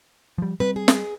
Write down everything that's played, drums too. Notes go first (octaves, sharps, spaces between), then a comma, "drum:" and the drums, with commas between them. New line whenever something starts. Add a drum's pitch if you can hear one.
F3 G3
G3 C4 B4
G#4
drum: snare